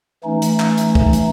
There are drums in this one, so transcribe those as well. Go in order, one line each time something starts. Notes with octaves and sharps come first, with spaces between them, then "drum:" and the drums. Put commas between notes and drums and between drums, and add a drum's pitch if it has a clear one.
E3 A3 C#4 D#4
drum: hi-hat
drum: clap
drum: hi-hat
drum: kick
drum: hi-hat